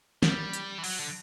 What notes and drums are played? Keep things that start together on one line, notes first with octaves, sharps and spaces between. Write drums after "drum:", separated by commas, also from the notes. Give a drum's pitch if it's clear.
G3, drum: snare
drum: hi-hat
E3
F#3, drum: open hi-hat
D3